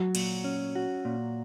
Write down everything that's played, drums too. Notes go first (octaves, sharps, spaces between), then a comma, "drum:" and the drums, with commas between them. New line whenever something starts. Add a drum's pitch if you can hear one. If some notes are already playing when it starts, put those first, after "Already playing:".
Already playing: F#3 F#4
A#2, drum: cymbal
C#4
F#4
A#2